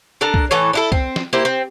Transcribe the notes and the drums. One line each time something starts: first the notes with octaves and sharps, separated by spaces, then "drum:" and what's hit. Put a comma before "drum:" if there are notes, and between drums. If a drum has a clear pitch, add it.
D4 A4 A#4 A#5
drum: kick C2
A2 E3 A4 C#5
D4 E4 A4
C4, drum: kick C2
drum: snare
A#3 E4 G4 C5
C4